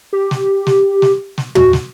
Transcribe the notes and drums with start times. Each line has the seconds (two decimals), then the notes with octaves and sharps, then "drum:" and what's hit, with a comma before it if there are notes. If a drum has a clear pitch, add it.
0.13 G4
0.31 drum: snare
0.67 drum: snare
1.02 drum: snare
1.38 drum: snare
1.55 F#4, drum: tom
1.73 drum: snare